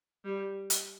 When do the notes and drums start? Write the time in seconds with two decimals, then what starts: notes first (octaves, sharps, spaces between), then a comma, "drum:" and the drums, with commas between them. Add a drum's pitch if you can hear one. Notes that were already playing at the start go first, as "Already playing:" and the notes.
0.25 G3
0.70 drum: hi-hat